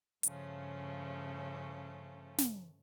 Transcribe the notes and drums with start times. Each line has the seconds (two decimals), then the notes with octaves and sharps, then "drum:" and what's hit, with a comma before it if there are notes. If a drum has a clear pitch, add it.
0.23 G2 C#3 F3 A3 C#4, drum: hi-hat
2.38 drum: snare